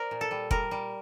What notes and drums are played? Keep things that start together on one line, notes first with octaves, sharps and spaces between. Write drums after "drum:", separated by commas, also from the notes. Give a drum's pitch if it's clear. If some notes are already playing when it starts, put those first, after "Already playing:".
Already playing: A#4 C5 D5
A#2
A4
G3
G3 A#4, drum: kick F1
G3